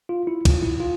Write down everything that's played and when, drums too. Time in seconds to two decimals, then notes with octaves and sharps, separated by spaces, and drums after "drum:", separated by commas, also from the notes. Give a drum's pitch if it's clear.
0.09 F4
0.27 E4
0.45 F4, drum: kick, cymbal
0.62 E4
0.80 F4